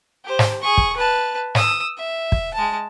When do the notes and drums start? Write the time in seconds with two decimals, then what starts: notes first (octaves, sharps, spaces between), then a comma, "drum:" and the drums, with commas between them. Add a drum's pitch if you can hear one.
0.24 G4 C5
0.39 drum: snare
0.62 G#4 C#6
0.78 drum: kick
0.97 B4 A5
1.55 D#6 E6, drum: snare
1.97 E5
2.32 drum: kick
2.54 G#3 A5